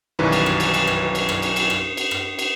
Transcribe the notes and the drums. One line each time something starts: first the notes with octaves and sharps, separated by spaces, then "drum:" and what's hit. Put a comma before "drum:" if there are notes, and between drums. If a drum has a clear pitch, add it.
B1 F#2 D#3 E3 G3 B4
drum: cymbal
drum: rim click
drum: cymbal
drum: cymbal
drum: rim click
drum: cymbal
drum: rim click
drum: cymbal
drum: cymbal
drum: rim click
drum: cymbal
drum: rim click
drum: cymbal